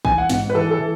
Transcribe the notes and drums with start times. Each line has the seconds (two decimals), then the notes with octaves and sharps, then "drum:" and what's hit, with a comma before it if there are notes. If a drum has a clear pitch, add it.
0.05 E3 G#5, drum: kick A1
0.18 F#5
0.29 G#2 F#5, drum: snare
0.50 B4
0.54 E3 A4
0.71 A4
0.79 E3